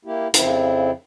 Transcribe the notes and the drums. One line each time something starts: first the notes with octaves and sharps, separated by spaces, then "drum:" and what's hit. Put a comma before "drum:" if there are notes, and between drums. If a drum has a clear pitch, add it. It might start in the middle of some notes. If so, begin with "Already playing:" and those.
A#3 E4 G4
F2 C#3 F3 C4 E4, drum: hi-hat